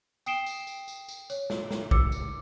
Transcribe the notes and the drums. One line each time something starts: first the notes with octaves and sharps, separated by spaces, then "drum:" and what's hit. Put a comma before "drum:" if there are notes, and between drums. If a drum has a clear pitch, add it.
G5 D#6 C7 D7 E7 G7, drum: tambourine
drum: tambourine
drum: tambourine
drum: tambourine
drum: tambourine
C#5, drum: tambourine
drum: snare
drum: snare
D6 E6 C#7, drum: kick
drum: tambourine